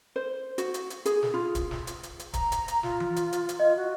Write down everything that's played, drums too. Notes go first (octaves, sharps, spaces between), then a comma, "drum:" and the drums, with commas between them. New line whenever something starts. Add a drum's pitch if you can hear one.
C5
F#4, drum: hi-hat
drum: hi-hat
drum: hi-hat
G#4, drum: hi-hat
drum: snare
F4
drum: kick, hi-hat
drum: snare
drum: hi-hat
drum: hi-hat
drum: hi-hat
A#5, drum: kick, hi-hat
drum: hi-hat
drum: hi-hat
F4, drum: snare
drum: tom E3
drum: hi-hat
drum: hi-hat
drum: hi-hat
F4 D#5
F#4